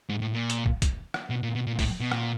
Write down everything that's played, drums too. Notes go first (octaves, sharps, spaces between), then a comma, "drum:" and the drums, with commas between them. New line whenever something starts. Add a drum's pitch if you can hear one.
G#2
A2
A#2
drum: hi-hat
drum: kick
drum: kick, hi-hat
drum: rim click
B2
A#2
B2
A#2
A2, drum: kick, open hi-hat
B2
A#2, drum: rim click